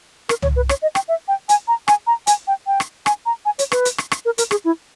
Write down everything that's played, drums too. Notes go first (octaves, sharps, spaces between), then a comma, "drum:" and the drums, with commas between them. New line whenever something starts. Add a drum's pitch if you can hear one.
A#4, drum: rim click
C#5, drum: tom
B4
C#5, drum: rim click
D#5
G5, drum: rim click
E5
G5
G#5, drum: hi-hat
A#5
G#5, drum: rim click
A#5
G#5, drum: hi-hat
G5
G5
drum: rim click
G#5, drum: rim click
A#5
G#5
C#5, drum: hi-hat
B4, drum: rim click
drum: hi-hat
drum: rim click
drum: rim click
A#4
A#4, drum: hi-hat
G#4, drum: rim click
E4